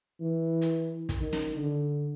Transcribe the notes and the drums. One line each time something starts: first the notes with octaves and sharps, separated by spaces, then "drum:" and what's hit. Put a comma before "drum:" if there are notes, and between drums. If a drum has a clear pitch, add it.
E3
drum: hi-hat
drum: kick, hi-hat
D#3
drum: snare
D3